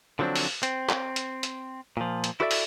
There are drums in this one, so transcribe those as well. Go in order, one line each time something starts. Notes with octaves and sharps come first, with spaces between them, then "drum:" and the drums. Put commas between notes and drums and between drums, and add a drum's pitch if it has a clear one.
D3 F3 F#3 A#3 C4 D4
drum: open hi-hat
C4, drum: hi-hat
drum: clap
drum: hi-hat
drum: hi-hat
A#2 F3
drum: hi-hat
E4 F#4 A4 B4 D5 E5
drum: open hi-hat